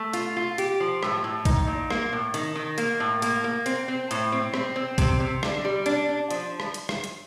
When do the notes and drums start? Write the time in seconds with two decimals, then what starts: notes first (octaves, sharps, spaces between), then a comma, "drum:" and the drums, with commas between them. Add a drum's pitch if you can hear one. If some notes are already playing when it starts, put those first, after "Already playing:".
Already playing: A3
0.13 F4, drum: hi-hat
0.37 F4
0.58 G4, drum: hi-hat
0.80 F3
1.03 A2, drum: rim click
1.24 A2
1.45 D#4, drum: kick, hi-hat
1.67 A#2
1.90 A#3, drum: rim click
2.13 A2
2.34 D#3, drum: hi-hat
2.55 D#3
2.78 A#3, drum: hi-hat
3.00 A2
3.22 A#3, drum: hi-hat
3.44 A#3
3.66 C4, drum: hi-hat
3.88 C4
4.11 A2, drum: hi-hat
4.32 C4
4.54 C4, drum: rim click
4.76 C4
4.98 C3, drum: kick, hi-hat
5.20 C3
5.43 D3, drum: rim click
5.65 G3
5.86 D4, drum: hi-hat
6.09 D4
6.31 F3, drum: hi-hat
6.60 drum: rim click
6.74 drum: hi-hat
6.89 drum: rim click
7.04 drum: hi-hat